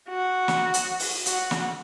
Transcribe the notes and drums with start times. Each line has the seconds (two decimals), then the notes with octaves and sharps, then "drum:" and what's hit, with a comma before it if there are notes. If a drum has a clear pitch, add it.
0.09 F#4
0.48 drum: snare
0.74 drum: hi-hat
0.99 drum: open hi-hat
1.26 F#4, drum: hi-hat
1.51 drum: snare